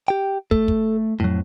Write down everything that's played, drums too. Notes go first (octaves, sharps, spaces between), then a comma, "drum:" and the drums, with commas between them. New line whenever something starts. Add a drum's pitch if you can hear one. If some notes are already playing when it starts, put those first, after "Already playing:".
G4 G5
A3 A4, drum: kick
drum: kick
F2 A2 F#3